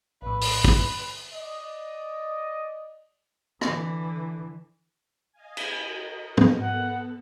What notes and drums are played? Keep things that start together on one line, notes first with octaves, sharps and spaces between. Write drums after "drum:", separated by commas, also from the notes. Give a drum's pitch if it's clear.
A#1 A2 B4
drum: open hi-hat
B4, drum: kick
D5 D#5
D3 E3, drum: rim click
D#5 F5 G#5
drum: cymbal
F#4 A#4 D#5
drum: tom
B3 A4 F#5